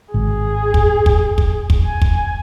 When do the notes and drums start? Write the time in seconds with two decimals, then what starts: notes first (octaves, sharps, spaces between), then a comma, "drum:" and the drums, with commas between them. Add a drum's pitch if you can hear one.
0.14 G#1 G#4
0.74 drum: kick
1.06 drum: kick
1.38 drum: kick
1.70 drum: kick
1.86 G#5
2.02 drum: kick